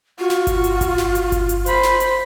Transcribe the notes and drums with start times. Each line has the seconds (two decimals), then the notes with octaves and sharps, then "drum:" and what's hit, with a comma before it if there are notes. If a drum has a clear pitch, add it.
0.19 F4 F#4
0.30 drum: snare
0.47 drum: kick G1, hi-hat
0.64 drum: hi-hat
0.81 drum: kick G1, hi-hat
0.98 drum: snare
1.15 drum: hi-hat
1.32 drum: kick G1, hi-hat
1.49 drum: hi-hat
1.66 C5 B5, drum: hi-hat
1.83 drum: snare
2.00 drum: hi-hat